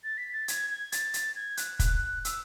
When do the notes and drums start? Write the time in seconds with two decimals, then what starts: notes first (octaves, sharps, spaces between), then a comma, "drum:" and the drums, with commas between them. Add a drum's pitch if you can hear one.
0.04 A6
0.17 B6
0.33 A6
0.48 G#6, drum: hi-hat
0.70 G#6
0.92 A6, drum: hi-hat
1.14 drum: hi-hat
1.36 G#6
1.57 F#6, drum: hi-hat
1.79 F#6, drum: kick, hi-hat
2.25 E6, drum: hi-hat